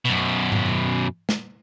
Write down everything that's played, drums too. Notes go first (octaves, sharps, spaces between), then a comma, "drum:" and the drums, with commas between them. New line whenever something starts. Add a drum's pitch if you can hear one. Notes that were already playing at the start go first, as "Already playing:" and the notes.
F#2 B2
drum: tom G#2
drum: snare